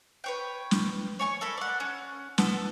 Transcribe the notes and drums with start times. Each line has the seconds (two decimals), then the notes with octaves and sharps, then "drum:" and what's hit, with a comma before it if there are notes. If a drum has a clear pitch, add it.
0.24 B4 C#5 G5
0.71 drum: snare
1.19 C#5 G#5 C#6
1.41 A4 A#4 B5
1.57 D5 F#5
1.80 C#4
2.38 B3 A4, drum: snare